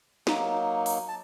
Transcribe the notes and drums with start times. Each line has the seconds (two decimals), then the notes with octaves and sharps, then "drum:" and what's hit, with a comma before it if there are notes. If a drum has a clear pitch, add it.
0.27 F#3 A#3 D#4, drum: snare
0.86 drum: open hi-hat
1.08 A5